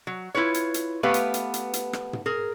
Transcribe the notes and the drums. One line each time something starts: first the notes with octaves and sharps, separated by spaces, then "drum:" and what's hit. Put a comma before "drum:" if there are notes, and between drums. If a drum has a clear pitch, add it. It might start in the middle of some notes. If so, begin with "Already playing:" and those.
F#3
E4 F4 B4 C#5
drum: hi-hat
drum: hi-hat
A3 B3 G4 B4 F5
drum: hi-hat
drum: hi-hat
drum: hi-hat
drum: hi-hat
drum: rim click
drum: tom
G#4 A#4